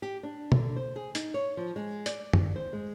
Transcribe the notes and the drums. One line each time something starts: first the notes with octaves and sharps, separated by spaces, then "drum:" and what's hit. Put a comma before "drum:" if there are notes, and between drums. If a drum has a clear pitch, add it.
G4
D4
D3, drum: tom B2
C5
G#4
D#4, drum: hi-hat
C#5
F3
G#3
D5, drum: hi-hat
drum: tom F#2
C5
G#3